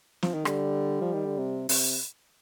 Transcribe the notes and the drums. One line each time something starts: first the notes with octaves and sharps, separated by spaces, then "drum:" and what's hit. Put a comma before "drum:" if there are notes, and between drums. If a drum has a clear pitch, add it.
F3, drum: snare
D#3
D3 G3, drum: rim click
F3
D#3
D3
C3
C3, drum: open hi-hat